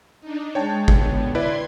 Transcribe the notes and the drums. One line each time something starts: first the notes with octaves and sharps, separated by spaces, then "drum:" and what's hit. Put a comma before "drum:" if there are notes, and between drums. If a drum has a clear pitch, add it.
D4 D#4
G#3 C#5 G5 A5
D3 B3, drum: kick
E4 B4 D5 C6 G#6